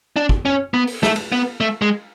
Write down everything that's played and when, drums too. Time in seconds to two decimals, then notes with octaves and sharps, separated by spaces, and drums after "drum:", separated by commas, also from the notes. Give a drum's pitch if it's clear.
0.16 D4
0.29 drum: kick
0.45 C#4
0.74 B3
0.87 drum: open hi-hat
1.03 A3, drum: snare
1.16 drum: cymbal
1.32 B3
1.61 A3
1.82 G#3